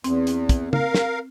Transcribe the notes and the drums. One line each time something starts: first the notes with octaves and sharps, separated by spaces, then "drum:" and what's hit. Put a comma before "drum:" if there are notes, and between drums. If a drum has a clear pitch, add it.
E2 C4, drum: hi-hat
drum: hi-hat
drum: kick, hi-hat
A#4 F5, drum: tom
drum: snare